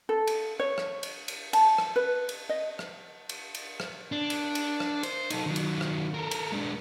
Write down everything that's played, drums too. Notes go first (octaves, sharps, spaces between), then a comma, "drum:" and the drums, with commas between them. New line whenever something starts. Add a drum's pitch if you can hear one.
A4
drum: cymbal
C#5
drum: rim click
drum: cymbal
drum: cymbal
A5, drum: cymbal
drum: rim click
B4
drum: cymbal
D#5
drum: rim click
drum: cymbal
drum: cymbal
drum: rim click
D4
drum: cymbal
drum: cymbal
drum: rim click
C5, drum: cymbal
D#4 A4, drum: cymbal
D#3 F#3
drum: cymbal
drum: rim click
A4 A#4
drum: cymbal
G#3 D4